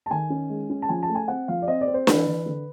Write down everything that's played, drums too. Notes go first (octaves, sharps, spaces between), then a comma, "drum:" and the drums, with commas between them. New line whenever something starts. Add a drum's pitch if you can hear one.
A5
D#3 G#5
C#4
G#3
C#4
A5
F3 G#5
A5
A3
G#5
C4 F#5
F3 F5
D5
C4 D#5
D5
C4
C5
E3 B4, drum: snare
E3
D3